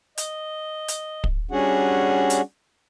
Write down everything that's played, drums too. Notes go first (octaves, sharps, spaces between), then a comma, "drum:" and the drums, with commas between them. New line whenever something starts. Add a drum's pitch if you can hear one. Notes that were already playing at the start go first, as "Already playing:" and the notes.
D#5, drum: hi-hat
drum: hi-hat
drum: kick
G3 C#4 D4 F#4 G#4 F#5
drum: hi-hat